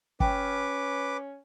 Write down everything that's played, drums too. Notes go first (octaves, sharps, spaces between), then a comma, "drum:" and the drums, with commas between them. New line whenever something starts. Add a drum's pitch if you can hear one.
C#4 B4 G5 D6, drum: kick